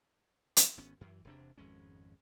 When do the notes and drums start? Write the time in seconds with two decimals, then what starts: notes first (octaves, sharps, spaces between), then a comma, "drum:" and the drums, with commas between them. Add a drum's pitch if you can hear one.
0.57 drum: hi-hat
0.77 G#1 B3 C#4
1.01 F#2 E3
1.25 E1 C3 D4
1.58 G#1 F2 G#3 C#4